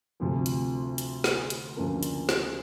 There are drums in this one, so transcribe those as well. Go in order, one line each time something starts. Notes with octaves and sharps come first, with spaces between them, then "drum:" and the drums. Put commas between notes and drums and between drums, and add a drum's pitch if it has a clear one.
D2 C3 F3
drum: hi-hat
drum: hi-hat
drum: snare
drum: hi-hat
D2 C#3 F3 A#3 D4
drum: hi-hat
drum: snare